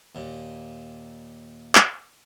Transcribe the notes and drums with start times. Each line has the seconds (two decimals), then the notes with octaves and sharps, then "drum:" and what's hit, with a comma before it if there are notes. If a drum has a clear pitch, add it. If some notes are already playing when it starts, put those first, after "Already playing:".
0.15 D#2 A#2
1.75 drum: clap